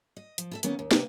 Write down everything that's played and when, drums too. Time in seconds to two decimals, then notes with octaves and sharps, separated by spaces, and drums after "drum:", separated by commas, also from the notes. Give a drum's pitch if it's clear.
0.17 D#5
0.38 F3, drum: hi-hat
0.51 E4 A4 E5
0.63 D#3 A#3 B3 C#4, drum: hi-hat
0.79 D#2
0.91 C3 A#3 B4 G5, drum: snare